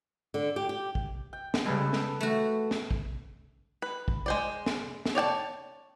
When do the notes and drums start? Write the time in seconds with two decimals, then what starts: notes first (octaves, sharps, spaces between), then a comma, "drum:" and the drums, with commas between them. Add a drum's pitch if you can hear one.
0.34 D3
0.56 G4
0.69 G4
0.95 drum: kick
1.33 G5
1.54 drum: snare
1.66 C#3 G3 G#3 A4 B4
1.93 drum: snare
2.21 A3 F#4
2.71 drum: snare
2.91 drum: kick
3.82 B4
4.08 drum: kick
4.26 G#3 C5 D5
4.66 drum: snare
5.05 drum: snare
5.15 C#5 D5 G5 A5